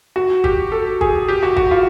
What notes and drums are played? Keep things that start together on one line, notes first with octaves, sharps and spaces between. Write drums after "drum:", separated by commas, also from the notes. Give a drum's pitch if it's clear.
F#4
G4, drum: kick
A4
G#4, drum: kick
G4
F#4
F#4, drum: kick
F4